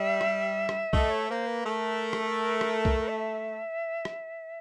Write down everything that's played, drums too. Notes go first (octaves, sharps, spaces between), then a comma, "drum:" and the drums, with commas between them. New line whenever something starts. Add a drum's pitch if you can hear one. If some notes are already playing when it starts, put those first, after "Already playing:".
Already playing: G3 E5
drum: rim click
drum: rim click
A3 D#5, drum: kick B1
C#5
A#3 C5
B4
A3 A#4
drum: rim click
drum: rim click
drum: kick B1
E5
drum: rim click